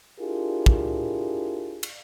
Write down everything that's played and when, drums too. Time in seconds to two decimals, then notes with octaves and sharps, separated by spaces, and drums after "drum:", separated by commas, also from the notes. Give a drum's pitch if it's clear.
0.20 D4 E4 F4 G4 G#4 A#4
0.66 drum: kick
1.83 drum: cymbal